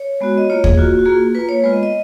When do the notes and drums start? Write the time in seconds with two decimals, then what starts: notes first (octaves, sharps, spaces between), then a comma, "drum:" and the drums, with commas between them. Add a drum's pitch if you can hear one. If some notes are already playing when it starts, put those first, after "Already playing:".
Already playing: C#5
0.21 G#3 B3 F#4
0.37 D#5
0.50 A#3 F4 C#5
0.64 G#4, drum: kick
0.77 A#3 F4 F#4
0.99 F#4
1.06 A#3 F4 G#4
1.35 A#3 F4 B4
1.49 C#5
1.64 G#3 B3 F4 B4
1.72 D#5
1.83 D#5